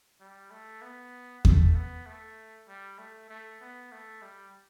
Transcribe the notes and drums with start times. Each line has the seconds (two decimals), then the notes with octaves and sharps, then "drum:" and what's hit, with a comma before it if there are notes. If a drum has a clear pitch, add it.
0.20 G3
0.51 A3
0.82 B3
1.45 A3, drum: kick E2
1.75 B3
2.06 A3
2.68 G3
2.98 A3
3.29 A3
3.61 B3
3.92 A3
4.22 G3